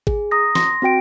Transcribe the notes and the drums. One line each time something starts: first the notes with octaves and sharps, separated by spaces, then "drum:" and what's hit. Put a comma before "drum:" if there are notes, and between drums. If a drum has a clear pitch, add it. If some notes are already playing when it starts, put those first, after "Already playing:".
G#4, drum: kick G#1
A#5 D#6 A#6
C6 A#6, drum: snare
C4 F#4 G5 D7